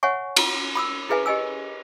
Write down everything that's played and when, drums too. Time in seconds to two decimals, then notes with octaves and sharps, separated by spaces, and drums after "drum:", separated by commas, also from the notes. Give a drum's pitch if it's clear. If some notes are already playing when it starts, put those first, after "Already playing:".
0.03 C#5 E5 F#5 G#5 C#6
0.37 E4 F4, drum: cymbal
0.75 B5 D#6 E6
1.09 E4 G#4 B4 E5 G#5
1.26 G4 D#5 G#5 E6